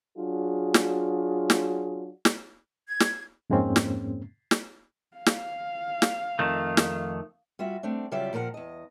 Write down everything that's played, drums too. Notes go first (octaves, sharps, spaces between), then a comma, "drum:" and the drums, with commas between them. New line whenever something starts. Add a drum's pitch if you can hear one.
F#3 D4 F4 F#4 G#4
drum: snare
drum: snare
drum: snare
G#6
drum: snare
F2 G#2 G#3 A#3 C4 C#4
drum: snare
drum: snare
F5
drum: snare
drum: snare
F2 D#3 A3
drum: snare
G3 F4 F#4 E5
A3 C4 D4
C#3 F#3 G3 F4 D5 E5
A#2 F3 A#4 C5 F#5
E2 D#5